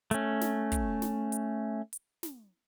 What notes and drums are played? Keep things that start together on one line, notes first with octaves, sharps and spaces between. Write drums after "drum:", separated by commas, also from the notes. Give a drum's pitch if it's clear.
A3 C#4, drum: hi-hat
drum: snare
drum: kick, hi-hat
drum: snare
drum: hi-hat
drum: hi-hat
drum: snare